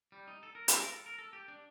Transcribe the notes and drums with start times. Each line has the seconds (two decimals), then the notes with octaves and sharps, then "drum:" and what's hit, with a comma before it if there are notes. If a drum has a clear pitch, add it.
0.12 G3
0.27 D#4
0.43 A4
0.55 A#4
0.68 A4, drum: hi-hat
0.81 A#4
0.93 A4
1.06 A#4
1.18 A4
1.33 G4
1.48 D4